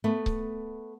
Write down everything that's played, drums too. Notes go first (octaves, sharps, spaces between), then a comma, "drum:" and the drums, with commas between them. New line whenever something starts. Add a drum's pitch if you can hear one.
A3 B3
drum: kick C#1